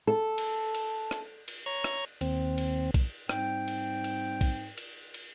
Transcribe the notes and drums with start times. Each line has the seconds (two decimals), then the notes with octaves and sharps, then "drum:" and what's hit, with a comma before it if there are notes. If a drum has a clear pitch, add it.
0.07 A4
0.38 drum: cymbal
0.74 drum: cymbal
1.11 drum: rim click
1.48 drum: cymbal
1.66 C#5 A#5 G#6
1.84 drum: rim click
2.21 D#2 C4, drum: cymbal
2.58 drum: cymbal
2.94 drum: kick, cymbal
3.29 G#2 G3 C4 G5, drum: rim click
3.68 drum: cymbal
4.04 drum: cymbal
4.41 drum: kick, cymbal
4.78 drum: cymbal
5.14 drum: cymbal